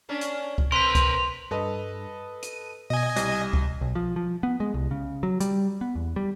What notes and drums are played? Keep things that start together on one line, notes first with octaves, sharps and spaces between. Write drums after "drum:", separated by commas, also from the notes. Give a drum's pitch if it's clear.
A#3 C#4 D4
drum: hi-hat
drum: kick C#2
C4 A#4 B4 C6 B6 F7
drum: kick C#2, hi-hat
G2 A4 B4 D#5
D#7, drum: hi-hat
B2 D#5 G#5
C2 A#6, drum: hi-hat
drum: kick C#2
B1
F3
F3
B3
G#3
C2
C#3
F#3
G3, drum: hi-hat
B3
E2
G3